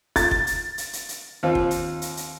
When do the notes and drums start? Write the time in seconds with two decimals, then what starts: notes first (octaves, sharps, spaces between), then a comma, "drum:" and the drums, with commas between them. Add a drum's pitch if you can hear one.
0.16 A6, drum: kick, hi-hat
0.31 drum: kick
0.47 drum: hi-hat
0.78 drum: hi-hat
0.93 drum: hi-hat
1.09 drum: hi-hat
1.43 D#2 C4 F4
1.55 drum: kick
1.71 drum: hi-hat
2.02 drum: hi-hat
2.17 drum: hi-hat